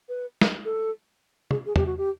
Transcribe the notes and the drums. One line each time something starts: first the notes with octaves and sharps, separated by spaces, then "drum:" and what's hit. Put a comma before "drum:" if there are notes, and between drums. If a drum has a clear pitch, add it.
B4
drum: snare
A4
G#4, drum: tom
G#4
G4, drum: tom
F#4
G4